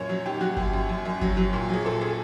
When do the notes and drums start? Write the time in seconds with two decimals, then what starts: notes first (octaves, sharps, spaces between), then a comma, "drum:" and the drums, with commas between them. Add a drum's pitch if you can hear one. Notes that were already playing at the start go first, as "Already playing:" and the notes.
Already playing: F#2 A#2 C#5
0.09 F#3
0.25 D#3 G4
0.41 F#3 F#4
0.57 F#2 G4, drum: kick G1
0.73 F#2
0.89 F#2
1.05 F#2
1.21 F#3, drum: kick G1
1.37 F#3
1.53 A#2
1.69 F#3 G#4
1.85 A#2 A4
2.01 A#2 G#4